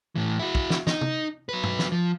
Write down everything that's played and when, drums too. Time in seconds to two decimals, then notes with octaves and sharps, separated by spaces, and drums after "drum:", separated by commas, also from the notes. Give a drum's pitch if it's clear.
0.15 A2 E3
0.39 E4 F#4
0.55 drum: kick
0.70 drum: snare
0.87 D#4, drum: snare
1.01 drum: tom C3
1.49 F#3 B4
1.63 drum: tom G2
1.79 drum: snare
1.92 F3